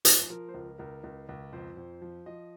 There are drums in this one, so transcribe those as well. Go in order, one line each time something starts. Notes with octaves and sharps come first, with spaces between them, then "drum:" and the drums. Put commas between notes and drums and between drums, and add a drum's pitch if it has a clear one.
F3, drum: hi-hat
F3 A#4
C5
C#2 A#4
C#2 A#4
C#2
C#2
F2 C5
F2
F3
F3 D#5